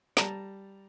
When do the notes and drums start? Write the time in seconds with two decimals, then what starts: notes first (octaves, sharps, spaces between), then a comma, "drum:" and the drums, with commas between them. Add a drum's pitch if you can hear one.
0.17 G3 A5 A#5, drum: snare